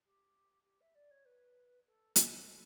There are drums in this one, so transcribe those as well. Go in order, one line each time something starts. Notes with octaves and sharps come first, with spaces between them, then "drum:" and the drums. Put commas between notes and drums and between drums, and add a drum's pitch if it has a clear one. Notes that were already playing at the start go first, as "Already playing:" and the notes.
G4
G4
E5
D5
C#5
B4
A4
A4, drum: hi-hat